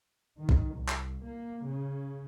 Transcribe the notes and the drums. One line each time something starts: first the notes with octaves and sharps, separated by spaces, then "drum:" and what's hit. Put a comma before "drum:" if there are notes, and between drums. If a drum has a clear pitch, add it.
D#3
drum: kick B1
C2
drum: clap
A#3
C#3